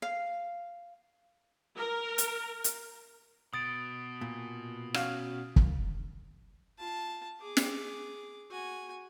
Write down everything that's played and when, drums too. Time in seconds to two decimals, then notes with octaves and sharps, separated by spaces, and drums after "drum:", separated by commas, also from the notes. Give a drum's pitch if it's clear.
0.02 F5
1.77 A#4
2.18 drum: hi-hat
2.64 drum: hi-hat
3.54 B2 D#6 A6 D7
4.21 A#2
4.94 C#4 F#4 F5, drum: rim click
5.56 drum: kick
6.79 F4 A5
7.40 G#4 D6
7.57 drum: snare
8.51 F#4 G#5